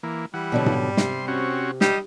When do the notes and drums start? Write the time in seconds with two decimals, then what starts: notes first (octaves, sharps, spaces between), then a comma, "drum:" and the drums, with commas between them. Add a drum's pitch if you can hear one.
0.03 E3 A#3
0.34 E3 G3 F#5
0.52 B2 D3 F#3
0.66 drum: tom G#2
0.97 C3 C6, drum: snare
1.28 C4 C#4 F#4
1.81 G3 D#5, drum: snare